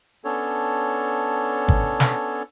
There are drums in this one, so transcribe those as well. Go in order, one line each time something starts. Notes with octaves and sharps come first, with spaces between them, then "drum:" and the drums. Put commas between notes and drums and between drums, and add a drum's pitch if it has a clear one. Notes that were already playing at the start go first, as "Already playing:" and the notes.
B3 C#4 D4 A4 C#5
drum: kick
drum: snare